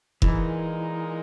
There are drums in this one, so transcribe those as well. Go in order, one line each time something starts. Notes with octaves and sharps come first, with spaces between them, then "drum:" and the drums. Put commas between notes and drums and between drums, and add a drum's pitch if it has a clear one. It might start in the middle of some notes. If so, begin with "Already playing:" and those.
A#2 E3 G#3 D#4 A#4, drum: kick F1